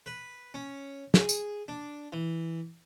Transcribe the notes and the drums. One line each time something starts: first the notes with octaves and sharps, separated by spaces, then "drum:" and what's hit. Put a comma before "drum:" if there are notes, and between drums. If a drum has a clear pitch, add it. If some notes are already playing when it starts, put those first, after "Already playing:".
B4
C#4
G#4, drum: snare
drum: tambourine
D4
E3